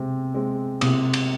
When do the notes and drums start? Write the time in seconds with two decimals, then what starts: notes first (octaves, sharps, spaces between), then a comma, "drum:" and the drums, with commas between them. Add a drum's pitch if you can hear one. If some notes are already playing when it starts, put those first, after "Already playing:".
Already playing: C3 G#3 C4
0.35 G#3 C4
0.81 C3 D#6, drum: cymbal
1.13 drum: cymbal